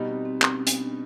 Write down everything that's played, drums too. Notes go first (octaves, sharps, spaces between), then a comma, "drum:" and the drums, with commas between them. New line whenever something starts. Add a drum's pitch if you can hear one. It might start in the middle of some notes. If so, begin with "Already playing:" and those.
Already playing: B2 G3 B3 D#4
C4
C4
C4, drum: clap
C#4
C4, drum: hi-hat
D4